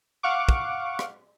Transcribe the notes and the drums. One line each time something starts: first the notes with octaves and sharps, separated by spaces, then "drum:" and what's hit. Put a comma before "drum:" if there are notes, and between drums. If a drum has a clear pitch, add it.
F5 F#5 C#6 D6
drum: kick
drum: rim click